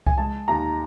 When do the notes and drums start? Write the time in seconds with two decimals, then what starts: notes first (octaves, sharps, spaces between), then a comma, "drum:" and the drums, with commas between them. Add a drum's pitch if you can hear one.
0.07 G#5, drum: kick C2
0.18 G#3 A5
0.48 D#2 A#5